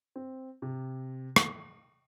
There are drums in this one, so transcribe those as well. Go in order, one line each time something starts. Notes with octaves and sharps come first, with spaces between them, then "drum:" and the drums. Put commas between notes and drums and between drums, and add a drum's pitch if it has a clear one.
C4
C3
drum: rim click